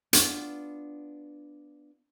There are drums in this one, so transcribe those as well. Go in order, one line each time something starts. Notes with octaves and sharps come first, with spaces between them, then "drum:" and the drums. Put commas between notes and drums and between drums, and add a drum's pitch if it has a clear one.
B3 D4 F4, drum: hi-hat